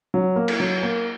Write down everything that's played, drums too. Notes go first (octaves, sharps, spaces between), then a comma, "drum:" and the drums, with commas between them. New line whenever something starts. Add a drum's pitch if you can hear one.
F#3
A#3
drum: cymbal
F#3
A#3